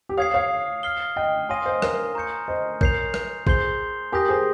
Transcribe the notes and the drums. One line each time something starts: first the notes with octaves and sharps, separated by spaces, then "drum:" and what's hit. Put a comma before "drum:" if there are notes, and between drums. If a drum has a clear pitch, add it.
G4
C#5 F5 D#6 G#6 C7
C#5 F5
F6 C7 G7
D#5 G5
C#5 F5 G#5 C6 D#6 A#6 D#7
C5 D#5
A#4 C#5, drum: rim click
A#5 C#6 G6 C#7
C5 D#5
A#4 C#5 G6 C7 F7, drum: kick
drum: rim click
G#4 C5 C6 G6 C7 G7, drum: kick
G4 A#4 G#5 D#6 G6 A#6
G#4 C5